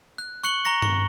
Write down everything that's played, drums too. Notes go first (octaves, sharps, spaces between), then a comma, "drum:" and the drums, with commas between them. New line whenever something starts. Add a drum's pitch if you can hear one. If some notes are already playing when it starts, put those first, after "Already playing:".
F#6
C#6 F#6 C#7 F#7 G7
A#5 C#6 A#6 C#7
C#6, drum: tom G2